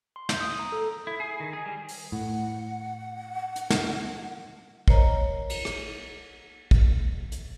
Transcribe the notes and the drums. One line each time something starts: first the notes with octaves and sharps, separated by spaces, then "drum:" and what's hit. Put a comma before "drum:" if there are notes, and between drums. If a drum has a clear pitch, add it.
C6
G6, drum: snare
D#6
A#5
A4
E4
G#4
D#3
G#4
G3
drum: open hi-hat
A2 F#5
drum: hi-hat
drum: snare
A#4 C5 C#5 D#5 A#5, drum: kick
drum: cymbal
drum: rim click
drum: kick
drum: hi-hat